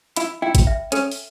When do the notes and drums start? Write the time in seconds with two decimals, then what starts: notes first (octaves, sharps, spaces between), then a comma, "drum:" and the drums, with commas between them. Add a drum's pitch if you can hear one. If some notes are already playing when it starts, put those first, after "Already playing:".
0.16 E4 B5, drum: hi-hat
0.42 E4 G5
0.55 drum: kick, hi-hat
0.67 E5
0.92 C#4 A4, drum: hi-hat
1.11 drum: open hi-hat